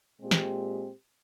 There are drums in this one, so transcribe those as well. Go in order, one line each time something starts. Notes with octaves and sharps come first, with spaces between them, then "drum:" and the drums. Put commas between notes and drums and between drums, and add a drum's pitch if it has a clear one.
A#2 G#3 C4 G4
drum: snare